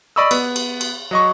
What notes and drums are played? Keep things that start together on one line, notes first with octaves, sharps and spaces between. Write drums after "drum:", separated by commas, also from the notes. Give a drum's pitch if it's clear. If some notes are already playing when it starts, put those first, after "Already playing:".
D5 D#5 B5 C#6 D#6 E6
B3, drum: cymbal
drum: cymbal
drum: cymbal
F#3 D#5 C#6